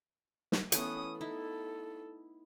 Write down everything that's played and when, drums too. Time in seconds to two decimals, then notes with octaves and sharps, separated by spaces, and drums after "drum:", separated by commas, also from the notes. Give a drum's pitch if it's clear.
0.52 drum: snare
0.72 E3 A3 B3 C#4 D#6, drum: hi-hat
1.21 D#4 E4 A4